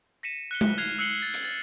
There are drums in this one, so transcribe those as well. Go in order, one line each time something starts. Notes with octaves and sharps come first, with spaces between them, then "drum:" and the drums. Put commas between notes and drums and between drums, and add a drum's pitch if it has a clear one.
A#6 B6 C#7 D#7 E7
F#6 C#7 G7
drum: tom G#3
F6 F#6 G#6 C7 F7
E6 F#6 C7 C#7 F#7 G7
A6
drum: hi-hat
A6